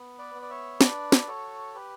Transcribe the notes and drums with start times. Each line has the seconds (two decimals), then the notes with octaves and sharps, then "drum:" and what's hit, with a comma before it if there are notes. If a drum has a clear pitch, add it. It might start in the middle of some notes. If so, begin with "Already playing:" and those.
Already playing: B3
0.18 B4 D5
0.35 B3
0.42 D5
0.50 C#5 E5
0.81 D4 B4 D5, drum: snare
1.12 drum: snare
1.27 F#4 A4 C#5
1.74 G4 B4